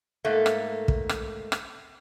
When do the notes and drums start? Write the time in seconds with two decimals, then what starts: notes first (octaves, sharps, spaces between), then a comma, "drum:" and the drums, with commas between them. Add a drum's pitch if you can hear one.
0.25 G#2 A3 A#3
0.46 drum: rim click
0.88 drum: kick
1.09 drum: rim click
1.52 drum: rim click